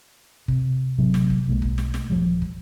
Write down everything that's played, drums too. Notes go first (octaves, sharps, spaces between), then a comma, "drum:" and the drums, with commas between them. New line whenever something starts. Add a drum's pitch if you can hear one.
C3, drum: kick
A1 C3 F#3
drum: snare
drum: kick
B1 G#3 A#3
drum: kick
drum: snare
drum: snare
D#1 F3 G3
drum: kick